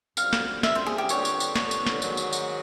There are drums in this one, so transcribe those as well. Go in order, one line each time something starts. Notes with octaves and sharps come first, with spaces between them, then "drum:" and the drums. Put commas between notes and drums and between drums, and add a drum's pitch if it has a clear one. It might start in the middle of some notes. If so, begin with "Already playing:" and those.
F#2 D3 G3 C4 F4 F5, drum: tambourine
drum: snare
E5, drum: snare
C5
G#4
G4
F2 D3 G3 B3 D4 C#5, drum: tambourine
drum: tambourine
drum: tambourine
C#5, drum: snare
drum: tambourine
drum: snare
G#2 D#3 F#3, drum: tambourine
drum: tambourine
drum: tambourine